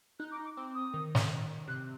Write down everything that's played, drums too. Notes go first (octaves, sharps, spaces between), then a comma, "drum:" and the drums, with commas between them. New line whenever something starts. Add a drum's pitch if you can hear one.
D#4 F#6
D6
D6
C4 D6
D#6
D#3
drum: snare
C3 F#6